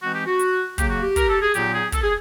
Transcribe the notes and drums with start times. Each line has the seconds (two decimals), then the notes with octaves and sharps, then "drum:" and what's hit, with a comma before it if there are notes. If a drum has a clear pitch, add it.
0.01 E3 G#3 C4 D#4 F#4
0.13 G4
0.26 F#4
0.39 drum: hi-hat
0.78 C#3 F#3 A#3 G4, drum: kick, hi-hat
0.89 F#4
1.01 G4
1.16 A#4, drum: kick, hi-hat
1.29 A4
1.41 G#4
1.54 A#2 F#3 B3 D#4 G4, drum: hi-hat
1.74 G#4
1.92 A4, drum: kick, hi-hat
2.03 G#4